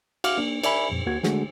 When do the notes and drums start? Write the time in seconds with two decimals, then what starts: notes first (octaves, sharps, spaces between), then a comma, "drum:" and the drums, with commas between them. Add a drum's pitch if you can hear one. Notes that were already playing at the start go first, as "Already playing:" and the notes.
0.24 F#4 E5 F5 D6 F6, drum: cymbal
0.38 A#3 D4
0.63 A#4 D5 E5 G#5 B5, drum: cymbal
0.91 F2 A#2
1.06 D2 A#3 F#4 G#6
1.23 D3 G#3 A3 D4 F#4 G#4, drum: snare